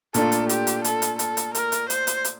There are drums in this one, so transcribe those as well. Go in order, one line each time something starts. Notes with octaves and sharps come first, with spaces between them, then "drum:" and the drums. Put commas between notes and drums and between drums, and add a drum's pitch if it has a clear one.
A#2 A3 D4 F4 A4, drum: hi-hat
drum: hi-hat
G4, drum: hi-hat
drum: hi-hat
A4, drum: hi-hat
drum: hi-hat
A4, drum: hi-hat
drum: hi-hat
A#4, drum: hi-hat
drum: hi-hat
C5, drum: hi-hat
drum: hi-hat
drum: hi-hat